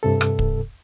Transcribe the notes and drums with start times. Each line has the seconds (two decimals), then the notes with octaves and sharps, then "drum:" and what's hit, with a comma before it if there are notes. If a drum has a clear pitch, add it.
0.03 G2 C3 A4
0.21 drum: rim click
0.39 drum: kick